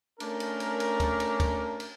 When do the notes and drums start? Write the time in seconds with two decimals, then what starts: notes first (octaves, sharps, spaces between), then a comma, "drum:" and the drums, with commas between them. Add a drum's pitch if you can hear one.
0.20 A3 C#4 D4 A#4, drum: cymbal
0.40 drum: cymbal
0.60 drum: cymbal
0.80 drum: cymbal
1.00 drum: kick, cymbal
1.20 drum: cymbal
1.40 drum: kick, cymbal
1.80 drum: cymbal